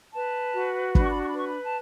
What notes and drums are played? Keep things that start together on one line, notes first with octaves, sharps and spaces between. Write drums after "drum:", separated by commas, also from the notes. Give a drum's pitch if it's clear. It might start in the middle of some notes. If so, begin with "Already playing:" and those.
B4 A5
F#4
D4 B5, drum: kick
C#6
B5
C#6
B5
B4 C#6
B5
A5